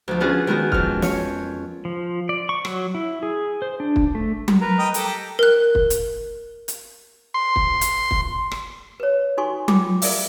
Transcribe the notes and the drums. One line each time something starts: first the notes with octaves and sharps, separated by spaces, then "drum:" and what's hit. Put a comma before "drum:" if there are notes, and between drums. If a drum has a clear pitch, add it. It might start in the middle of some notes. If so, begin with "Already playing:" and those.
D2 F3
B3 C#4 D4 F4 F#4 G#4
D#3 G#3 B3 F#4
F2 F6, drum: kick
C#5, drum: snare
F3
D5
C#6
F#3, drum: rim click
E4
G#4
C5
D4
drum: kick
A3
drum: tom F#3
A#4 B4 A#5
D#5 G5
G4 A4 G5 A#5, drum: hi-hat
A#4 F#6
drum: kick
drum: hi-hat
drum: hi-hat
C6
drum: kick
drum: hi-hat
drum: kick
drum: rim click
B4 C#5
D#4 F#4 A4 G#5 C6 C#6
F4 A4 G5 D6, drum: tom F#3
A4 A#4 D5 E5 F5, drum: open hi-hat